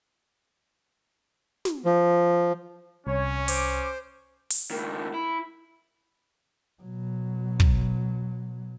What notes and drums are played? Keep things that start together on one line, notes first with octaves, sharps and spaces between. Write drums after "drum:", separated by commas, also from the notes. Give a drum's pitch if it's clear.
drum: snare
F3
C2 C#4 C#5
C5 D6, drum: open hi-hat
drum: open hi-hat
C#2 D#3
E4
B2 F#3
drum: kick